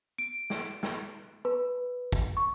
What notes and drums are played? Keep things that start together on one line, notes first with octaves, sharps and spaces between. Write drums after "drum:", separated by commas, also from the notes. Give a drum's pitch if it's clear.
D7
drum: snare
drum: snare
B4
drum: kick
C#6